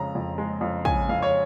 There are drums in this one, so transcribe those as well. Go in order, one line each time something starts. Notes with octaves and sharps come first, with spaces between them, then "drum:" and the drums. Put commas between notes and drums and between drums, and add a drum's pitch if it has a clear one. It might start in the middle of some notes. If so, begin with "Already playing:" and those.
Already playing: F2 C#3 G#3 A#5
F2
G#3
F2
C#3 G#5, drum: kick
F2 F5
C#5